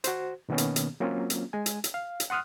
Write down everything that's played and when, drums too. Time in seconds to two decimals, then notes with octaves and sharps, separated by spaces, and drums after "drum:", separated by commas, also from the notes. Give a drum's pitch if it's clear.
0.04 F#4 C5, drum: hi-hat
0.49 B2 D#3 A#3 B3 C#4
0.58 drum: hi-hat
0.76 drum: hi-hat
1.00 F#3 A#3 C4 C#4 F4
1.30 drum: hi-hat
1.53 G#3 G#5
1.66 drum: hi-hat
1.84 drum: hi-hat
1.94 F5
2.20 drum: hi-hat
2.30 F#5 C6 D#6 F6 F#6